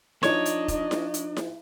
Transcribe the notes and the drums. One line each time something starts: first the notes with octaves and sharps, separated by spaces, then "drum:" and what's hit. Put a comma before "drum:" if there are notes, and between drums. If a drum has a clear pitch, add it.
F3 D4 D#4 C#5 D#5, drum: snare E4
drum: hi-hat
drum: kick E1, hi-hat
drum: snare E4
drum: hi-hat
drum: snare E4